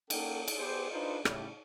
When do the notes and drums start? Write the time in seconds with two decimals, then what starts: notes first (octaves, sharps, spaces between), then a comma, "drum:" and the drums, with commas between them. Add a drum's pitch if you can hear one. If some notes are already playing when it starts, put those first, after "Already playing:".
0.10 A#3 C#4 A4 F#5 G5, drum: cymbal
0.48 drum: cymbal
0.58 B3 G4 G#4 B4 C5
0.91 D4 D#4 F4 B4 C5
1.25 A2 C#3 G3, drum: rim click